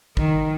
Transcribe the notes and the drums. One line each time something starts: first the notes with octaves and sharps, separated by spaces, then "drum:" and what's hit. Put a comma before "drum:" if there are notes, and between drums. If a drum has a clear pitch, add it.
D#3, drum: kick